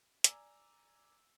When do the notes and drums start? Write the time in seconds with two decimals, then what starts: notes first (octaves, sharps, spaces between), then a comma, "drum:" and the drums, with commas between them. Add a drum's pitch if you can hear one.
0.24 D5 G#5 A#5 D6 E6, drum: hi-hat